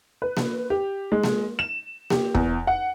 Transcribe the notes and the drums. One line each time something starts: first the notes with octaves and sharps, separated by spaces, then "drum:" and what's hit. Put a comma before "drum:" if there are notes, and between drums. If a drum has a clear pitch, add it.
B4
drum: snare A#3
G4
G#3
drum: snare A#3
E7
G4, drum: snare A#3
E2, drum: kick E1
F#5